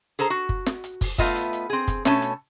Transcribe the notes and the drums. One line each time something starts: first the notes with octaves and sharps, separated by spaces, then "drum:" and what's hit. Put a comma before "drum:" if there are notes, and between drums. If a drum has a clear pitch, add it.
G#4 A4 C5 A#5
F#4
drum: kick
drum: snare
drum: hi-hat
drum: kick, open hi-hat
A3 B3 F4 D#5 E5, drum: kick, hi-hat
drum: hi-hat
drum: hi-hat
C4 G#4
drum: kick, hi-hat
B2 A3 C#4 C#5 A5, drum: snare
drum: hi-hat